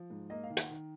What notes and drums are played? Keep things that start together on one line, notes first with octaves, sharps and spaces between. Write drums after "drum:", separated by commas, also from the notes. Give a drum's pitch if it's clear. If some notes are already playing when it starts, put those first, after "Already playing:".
Already playing: F3
G#2
A#3 D#5
F5
D#3
F#5, drum: hi-hat
D#3